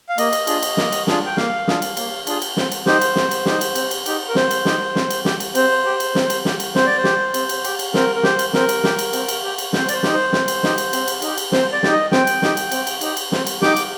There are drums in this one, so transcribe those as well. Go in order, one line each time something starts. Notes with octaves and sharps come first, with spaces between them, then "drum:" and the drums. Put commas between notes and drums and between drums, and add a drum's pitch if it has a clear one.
F5
A#3 D#5, drum: cymbal
drum: cymbal
D4 F4 G#4, drum: cymbal
drum: cymbal
A#3, drum: snare
drum: cymbal
D4 F4 G#4, drum: snare
G5
A#3 F5, drum: snare
D4 F4 G#4, drum: snare
drum: cymbal
A#3, drum: cymbal
D4 F4 G#4, drum: cymbal
drum: cymbal
C4, drum: snare
drum: cymbal
D#4 G4 C5, drum: snare
drum: cymbal
C4, drum: snare
drum: cymbal
D#4 G4, drum: snare
drum: cymbal
C4, drum: cymbal
drum: cymbal
D#4 G4, drum: cymbal
A#4
C4 C5, drum: snare
drum: cymbal
D#4 G4, drum: snare
C4, drum: snare
drum: cymbal
G4, drum: snare
drum: cymbal
C4 C5, drum: cymbal
G4
drum: cymbal
C4, drum: snare
drum: cymbal
G4, drum: snare
drum: cymbal
C4 C5, drum: snare
D5
C5
G4, drum: snare
C4, drum: cymbal
drum: cymbal
G4, drum: cymbal
drum: cymbal
C4 A#4, drum: snare
A#4
G4 C5, drum: snare
drum: cymbal
C4 A#4, drum: snare
drum: cymbal
G4, drum: snare
drum: cymbal
C4, drum: cymbal
drum: cymbal
G4
drum: cymbal
C4 C5, drum: snare
D5, drum: cymbal
C5
D#4 G4, drum: snare
C5
C4, drum: snare
drum: cymbal
D#4 G4, drum: snare
drum: cymbal
C4, drum: cymbal
drum: cymbal
D#4 G4, drum: cymbal
drum: cymbal
C4 C5, drum: snare
D5
D#4 G4, drum: snare
D#5
C4 G5, drum: snare
drum: cymbal
D#4 G4, drum: snare
drum: cymbal
C4, drum: cymbal
drum: cymbal
D#4 G4, drum: cymbal
drum: cymbal
C4, drum: snare
drum: cymbal
D#4 G4 D6, drum: snare
drum: cymbal